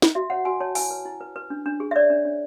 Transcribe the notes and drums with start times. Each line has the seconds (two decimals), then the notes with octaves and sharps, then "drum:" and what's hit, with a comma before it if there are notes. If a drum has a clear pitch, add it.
0.02 drum: snare
0.15 F#4 E5
0.30 C#5 F#5
0.45 F#4 G#5
0.60 C#5 A5
0.75 E4 G#5, drum: open hi-hat
0.91 B4
1.05 E4
1.21 B4
1.36 B4
1.50 D4
1.66 D4
1.80 G#4
1.91 E5
1.96 C#5 D5
2.10 D4
2.25 D4